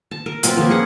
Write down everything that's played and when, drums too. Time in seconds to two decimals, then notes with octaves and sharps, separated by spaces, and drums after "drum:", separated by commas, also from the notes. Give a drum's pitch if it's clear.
0.11 A5
0.26 A#4
0.43 F#3 C4 F4 B4, drum: hi-hat
0.57 F3 A#3
0.69 C#4 G#4 F#5